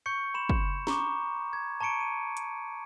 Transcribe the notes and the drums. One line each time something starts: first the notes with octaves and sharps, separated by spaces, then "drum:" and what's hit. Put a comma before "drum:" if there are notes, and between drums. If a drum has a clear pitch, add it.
C#6 G6 C#7
B5 C6 E7
drum: kick
A#5 C#6 D6, drum: snare
G#6
A5 A#5 C#6 C#7 D7
D#7
drum: hi-hat